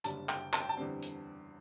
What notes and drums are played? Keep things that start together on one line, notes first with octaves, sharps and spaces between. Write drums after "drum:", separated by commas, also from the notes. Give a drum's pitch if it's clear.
F#1 F#2 D3 G3 A5, drum: hi-hat
G5, drum: clap
A5, drum: clap
G5
A5
E2 D3 G3 C4
drum: hi-hat